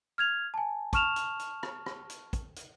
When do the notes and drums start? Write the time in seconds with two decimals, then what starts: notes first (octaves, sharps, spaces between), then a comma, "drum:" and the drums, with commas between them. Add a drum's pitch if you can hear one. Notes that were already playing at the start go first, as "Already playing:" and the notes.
0.18 F6 G#6 F7
0.54 G#5 A5
0.93 A5 C#6 F6 E7 F7, drum: kick, hi-hat
1.16 drum: hi-hat
1.40 drum: hi-hat
1.63 drum: rim click
1.86 drum: rim click
2.10 drum: hi-hat
2.33 drum: kick, hi-hat
2.56 drum: hi-hat